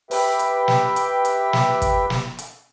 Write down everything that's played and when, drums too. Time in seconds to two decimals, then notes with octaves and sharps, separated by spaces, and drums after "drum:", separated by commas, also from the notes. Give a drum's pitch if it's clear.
0.11 G4 B4 E5 G5, drum: open hi-hat
0.39 drum: hi-hat
0.68 drum: snare
0.96 drum: hi-hat
1.25 drum: hi-hat
1.53 drum: snare
1.82 drum: kick, hi-hat
2.10 drum: snare
2.39 drum: hi-hat